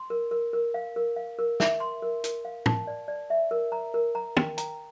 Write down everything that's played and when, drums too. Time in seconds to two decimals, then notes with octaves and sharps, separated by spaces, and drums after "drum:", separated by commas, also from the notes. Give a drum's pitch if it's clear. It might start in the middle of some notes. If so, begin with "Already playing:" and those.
Already playing: C6
0.10 A#4
0.31 A#4
0.53 A#4
0.74 F5
0.96 A#4
1.16 F5
1.39 A#4
1.60 E5, drum: snare
1.80 C6
2.02 A#4
2.24 A#4, drum: hi-hat
2.45 F5
2.66 A5, drum: tom
2.87 D5
3.08 D5
3.30 E5
3.51 A#4
3.72 A#5
3.94 A#4
4.15 A#5
4.37 G5, drum: tom
4.58 A#5, drum: hi-hat